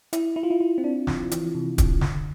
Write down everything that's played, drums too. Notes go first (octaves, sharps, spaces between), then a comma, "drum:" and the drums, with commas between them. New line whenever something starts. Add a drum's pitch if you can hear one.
E4, drum: hi-hat
E4
F4
E4
E4
C4
D4
F3, drum: snare
E3, drum: hi-hat
C3
C3, drum: kick, hi-hat
D3, drum: snare